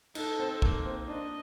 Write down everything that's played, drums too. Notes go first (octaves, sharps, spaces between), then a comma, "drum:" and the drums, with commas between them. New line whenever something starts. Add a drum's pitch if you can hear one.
D#4 A4, drum: cymbal
C4
A#3, drum: kick
C4
D4 D#5